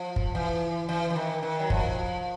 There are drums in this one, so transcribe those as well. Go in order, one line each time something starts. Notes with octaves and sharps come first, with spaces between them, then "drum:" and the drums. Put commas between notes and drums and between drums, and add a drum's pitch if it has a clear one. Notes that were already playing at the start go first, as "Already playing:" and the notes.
Already playing: F3
drum: kick F#1
E3
E3
E3
D#3
D#3
F#3
F3, drum: kick F#1